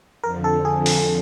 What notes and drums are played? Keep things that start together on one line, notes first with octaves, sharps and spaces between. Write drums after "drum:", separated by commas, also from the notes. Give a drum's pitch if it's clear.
F2 D3 F3 A#4
A4
G#4
drum: open hi-hat